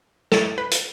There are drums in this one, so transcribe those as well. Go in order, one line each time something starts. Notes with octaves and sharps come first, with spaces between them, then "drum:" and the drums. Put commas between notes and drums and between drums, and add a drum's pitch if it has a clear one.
A4, drum: snare
B4
drum: hi-hat